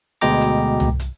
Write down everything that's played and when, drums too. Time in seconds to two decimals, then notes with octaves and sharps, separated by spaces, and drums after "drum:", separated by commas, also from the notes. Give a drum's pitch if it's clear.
0.21 D2 B2 G#3 G5 A#5 D6, drum: hi-hat
0.41 drum: hi-hat
0.80 drum: tom C2
0.99 drum: hi-hat